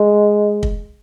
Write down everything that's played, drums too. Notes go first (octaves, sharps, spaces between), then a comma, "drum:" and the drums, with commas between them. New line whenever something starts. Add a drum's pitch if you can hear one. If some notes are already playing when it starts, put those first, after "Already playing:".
Already playing: G#3
drum: kick